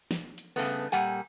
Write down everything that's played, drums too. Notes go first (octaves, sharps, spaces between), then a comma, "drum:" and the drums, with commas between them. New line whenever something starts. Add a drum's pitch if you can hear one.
drum: snare
drum: hi-hat
G2 C#3 A3 B3
drum: open hi-hat
A#2 G3 F#5 G#5, drum: hi-hat